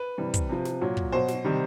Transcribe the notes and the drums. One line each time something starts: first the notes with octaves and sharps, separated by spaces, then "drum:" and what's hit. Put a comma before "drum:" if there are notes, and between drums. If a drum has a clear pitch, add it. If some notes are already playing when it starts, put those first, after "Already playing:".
Already playing: B4
C3 E3 G3
drum: kick, hi-hat
C3 F3
drum: snare
A#2 F#3
drum: kick
B2 F#3 C5
drum: snare
C3 D#3 G3